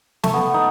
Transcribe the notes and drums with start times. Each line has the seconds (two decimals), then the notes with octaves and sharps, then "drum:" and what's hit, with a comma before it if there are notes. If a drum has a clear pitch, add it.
0.23 A3, drum: snare
0.33 B3
0.54 D#4